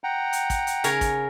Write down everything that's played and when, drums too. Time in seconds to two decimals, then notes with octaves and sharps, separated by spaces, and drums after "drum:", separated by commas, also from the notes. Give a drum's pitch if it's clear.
0.04 F#5 G5 A#5
0.33 drum: hi-hat
0.50 drum: kick, hi-hat
0.67 drum: hi-hat
0.84 C#3 A#4 C#5, drum: hi-hat
1.01 drum: kick, hi-hat